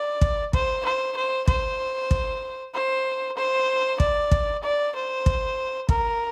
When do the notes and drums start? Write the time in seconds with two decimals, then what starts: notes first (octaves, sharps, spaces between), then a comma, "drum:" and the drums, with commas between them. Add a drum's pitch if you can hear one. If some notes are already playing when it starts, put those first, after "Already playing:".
Already playing: D5
0.21 drum: kick
0.53 C5, drum: kick
0.85 C5
1.16 C5
1.48 C5, drum: kick
2.11 drum: kick
2.74 C5
3.37 C5
4.00 D5, drum: kick
4.31 drum: kick
4.63 D5
4.95 C5
5.26 drum: kick
5.89 A#4, drum: kick